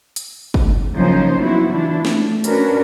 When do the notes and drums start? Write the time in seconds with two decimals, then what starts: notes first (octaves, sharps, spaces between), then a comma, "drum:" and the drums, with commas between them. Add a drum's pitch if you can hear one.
0.16 drum: hi-hat
0.54 drum: kick
0.96 C#3 F3 F#3 A#3 D#4 C5
1.39 F3 B3 E4 F#4
1.71 E3 D4 E4 F4
2.05 A3, drum: snare
2.44 C#4 D4 F#4 A#4 B4, drum: hi-hat